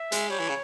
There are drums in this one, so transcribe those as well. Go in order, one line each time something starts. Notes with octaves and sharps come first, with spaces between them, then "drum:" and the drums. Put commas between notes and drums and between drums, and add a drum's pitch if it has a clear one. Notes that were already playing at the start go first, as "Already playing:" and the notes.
Already playing: E5
G#3, drum: hi-hat
G3 C#5
E3
C#3